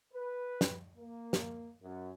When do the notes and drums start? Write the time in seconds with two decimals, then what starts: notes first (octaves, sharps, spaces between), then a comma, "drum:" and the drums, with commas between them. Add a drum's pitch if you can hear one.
0.13 B4
0.61 drum: snare
0.97 A#3
1.33 drum: snare
1.82 F#2